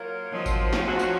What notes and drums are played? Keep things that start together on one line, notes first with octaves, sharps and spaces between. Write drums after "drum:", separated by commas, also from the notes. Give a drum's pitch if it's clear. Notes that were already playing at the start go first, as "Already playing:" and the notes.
Already playing: F#3 A#3 F4 A#4 C#5
D#3 F3 F#3 C4 D#4
drum: kick G#1, tambourine
drum: snare
F#3 C#4 F#4
drum: tambourine